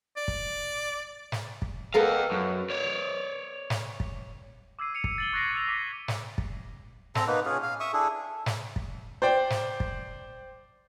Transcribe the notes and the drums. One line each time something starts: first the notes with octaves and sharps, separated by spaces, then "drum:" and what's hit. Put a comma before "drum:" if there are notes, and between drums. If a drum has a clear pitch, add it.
D5
drum: kick
drum: snare
drum: kick
B3 A4 A#4 F5 G5
F#2
C#5 D5
drum: snare
drum: kick
D6 E6 G#6 C7 D#7
C7 C#7 D#7 F7
drum: kick
A6 F#7 G7
C#6 F#6 G#6 A#6 C7 D7
E6 A6 C#7 F7
D6 E6 B6
drum: snare
drum: kick
C4 A4 A#5, drum: snare
A#3 B3 D#4 B4
C#4 F4 G#4
F5
E5 C#6 D#6
D4 E4 G#4 A4
drum: snare
drum: kick
C5 D5 G5
drum: snare
drum: kick